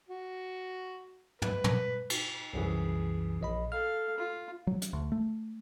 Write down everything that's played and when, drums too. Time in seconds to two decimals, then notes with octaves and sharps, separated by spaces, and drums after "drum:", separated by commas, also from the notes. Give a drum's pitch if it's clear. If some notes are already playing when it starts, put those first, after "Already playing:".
0.08 F#4
1.42 B4, drum: tom
1.64 drum: tom
2.10 drum: cymbal
2.53 C2 F#2 E3 G#4
3.41 A#1 D#5 B5
3.72 A4 F5 F6
4.18 F4
4.67 F#3
4.82 drum: hi-hat
4.93 D2
5.12 A3